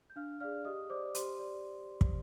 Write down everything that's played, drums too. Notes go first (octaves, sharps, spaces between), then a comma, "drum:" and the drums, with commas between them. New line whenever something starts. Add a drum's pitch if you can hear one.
G6
D4 F5 F6
G#4 D5 F5 F6
G4 D#5 D#6
C5 D5 D6
G4 C5 C6, drum: hi-hat
D5
drum: kick